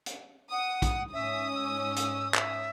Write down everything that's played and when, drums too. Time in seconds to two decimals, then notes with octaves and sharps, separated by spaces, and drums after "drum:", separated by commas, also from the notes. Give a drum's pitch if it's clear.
0.06 drum: hi-hat
0.51 F#5 D#6
0.82 drum: kick, hi-hat
1.13 G#2 C#4 E5 D#6
1.54 E6
1.96 drum: hi-hat
2.34 E5, drum: clap